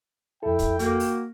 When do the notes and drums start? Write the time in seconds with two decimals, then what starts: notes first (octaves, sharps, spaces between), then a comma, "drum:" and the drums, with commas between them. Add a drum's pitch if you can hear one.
0.43 F2 E4 A4 G5
0.59 drum: kick, hi-hat
0.79 A#3 F#4, drum: hi-hat
1.00 drum: open hi-hat